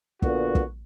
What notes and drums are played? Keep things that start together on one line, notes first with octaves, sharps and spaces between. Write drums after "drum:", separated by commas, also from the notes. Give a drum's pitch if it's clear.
A#2 D3 B3 F#4, drum: kick
drum: kick